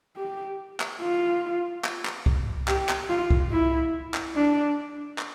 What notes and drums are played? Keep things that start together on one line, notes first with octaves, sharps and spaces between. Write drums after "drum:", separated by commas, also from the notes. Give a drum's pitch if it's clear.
G4
drum: clap
F4
drum: clap
drum: clap
drum: kick C2
G4, drum: clap
drum: clap
F4
drum: kick C2
E4
drum: clap
D4
drum: clap